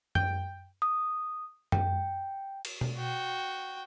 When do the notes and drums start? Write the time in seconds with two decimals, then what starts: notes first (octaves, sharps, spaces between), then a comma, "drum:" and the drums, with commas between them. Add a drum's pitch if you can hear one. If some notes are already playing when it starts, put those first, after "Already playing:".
0.15 G5, drum: tom F#2
0.82 D#6
1.72 G5, drum: tom F#2
2.65 drum: cymbal
2.81 drum: tom B2
2.97 F#4 G5